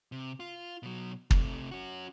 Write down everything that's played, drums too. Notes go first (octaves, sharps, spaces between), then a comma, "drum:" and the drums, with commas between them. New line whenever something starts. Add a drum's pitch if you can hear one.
C3
F4
B2 F#3
C3 A3, drum: kick
C#4 F#4